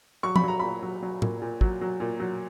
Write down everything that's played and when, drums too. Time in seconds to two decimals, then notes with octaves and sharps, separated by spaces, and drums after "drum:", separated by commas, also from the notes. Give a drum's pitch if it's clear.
0.23 F#3 C#6
0.36 B5, drum: tom
0.43 F#3 A#5
0.59 A#2 B5
0.82 F#3
1.02 F#3
1.22 A#2, drum: tom A2
1.42 A#2
1.61 F#3, drum: kick
1.81 F#3
2.00 A#2
2.20 F#3